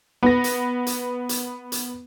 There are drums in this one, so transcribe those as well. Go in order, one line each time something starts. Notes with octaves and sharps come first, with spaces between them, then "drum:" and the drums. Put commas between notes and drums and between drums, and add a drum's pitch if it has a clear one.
B3 A#6
drum: hi-hat
drum: hi-hat
drum: hi-hat
drum: hi-hat